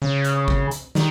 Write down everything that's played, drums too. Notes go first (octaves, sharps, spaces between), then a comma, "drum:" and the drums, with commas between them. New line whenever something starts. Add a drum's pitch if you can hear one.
C#3
drum: hi-hat
drum: kick
drum: hi-hat
D#3, drum: snare